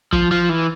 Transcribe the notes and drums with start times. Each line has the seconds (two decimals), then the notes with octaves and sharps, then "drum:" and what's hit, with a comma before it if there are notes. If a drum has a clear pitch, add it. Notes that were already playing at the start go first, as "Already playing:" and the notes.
0.13 F3, drum: kick
0.31 F3
0.49 E3